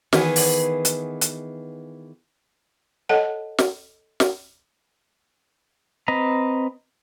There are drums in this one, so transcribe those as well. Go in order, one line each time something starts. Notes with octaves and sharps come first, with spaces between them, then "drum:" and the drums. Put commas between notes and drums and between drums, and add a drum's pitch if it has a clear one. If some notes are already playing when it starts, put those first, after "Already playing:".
D#3 E3 B3 G#4, drum: snare
drum: open hi-hat
drum: hi-hat
drum: hi-hat
A4 C#5 D#5 F#5 A5
drum: snare
drum: snare
C4 B4 D#5 A#5